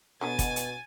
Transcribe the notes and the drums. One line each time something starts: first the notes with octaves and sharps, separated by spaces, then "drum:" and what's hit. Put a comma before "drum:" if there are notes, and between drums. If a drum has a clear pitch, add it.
B2 D3 F#3 B3 G#5 A6
drum: kick, hi-hat
drum: hi-hat